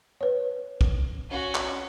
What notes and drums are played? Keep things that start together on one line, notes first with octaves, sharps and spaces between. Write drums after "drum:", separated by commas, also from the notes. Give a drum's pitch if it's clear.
B4 C#5
drum: kick
C#4 F#4
drum: clap